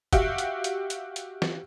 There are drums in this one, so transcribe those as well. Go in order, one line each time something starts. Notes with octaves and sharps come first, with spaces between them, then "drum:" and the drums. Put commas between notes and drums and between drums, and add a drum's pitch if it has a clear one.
F#4 G4 E5 F5, drum: kick, hi-hat
drum: hi-hat
drum: hi-hat
drum: hi-hat
drum: hi-hat
drum: snare